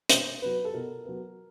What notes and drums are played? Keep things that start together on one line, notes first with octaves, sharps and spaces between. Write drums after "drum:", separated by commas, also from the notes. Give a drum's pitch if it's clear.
B2 C5, drum: hi-hat
F#3 B3 B4
A4
B2 A#4
F#3 B3